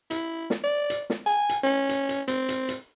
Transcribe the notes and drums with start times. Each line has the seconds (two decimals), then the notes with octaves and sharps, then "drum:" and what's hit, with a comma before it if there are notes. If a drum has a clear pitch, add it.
0.10 E4, drum: hi-hat
0.50 drum: snare
0.64 D5
0.90 drum: hi-hat
1.10 drum: snare
1.26 G#5
1.49 drum: hi-hat
1.64 C#4
1.89 drum: hi-hat
2.09 drum: hi-hat
2.28 C4, drum: hi-hat
2.49 drum: hi-hat
2.68 drum: hi-hat